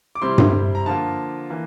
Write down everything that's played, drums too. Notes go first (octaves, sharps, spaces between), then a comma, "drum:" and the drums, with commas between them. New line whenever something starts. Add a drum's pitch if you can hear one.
D6
C3 G3 C4 E4 C6
drum: tom G2
A#5
D3 F3 A#3 F4 A5
E3 A#3